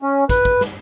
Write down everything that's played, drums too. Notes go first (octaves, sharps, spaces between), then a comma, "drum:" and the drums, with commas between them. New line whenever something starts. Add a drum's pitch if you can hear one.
C#4
B4, drum: kick, hi-hat
drum: kick
drum: snare